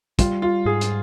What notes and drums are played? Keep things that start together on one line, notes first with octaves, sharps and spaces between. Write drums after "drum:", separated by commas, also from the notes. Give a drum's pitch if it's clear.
G3 F4, drum: kick, hi-hat
F4
G#2 G#4
drum: hi-hat